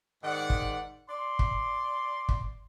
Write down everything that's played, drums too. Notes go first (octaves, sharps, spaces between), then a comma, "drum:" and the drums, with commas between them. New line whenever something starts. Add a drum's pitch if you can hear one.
G#2 D#3 D5 F#5
drum: kick
D5 C6
drum: kick
drum: kick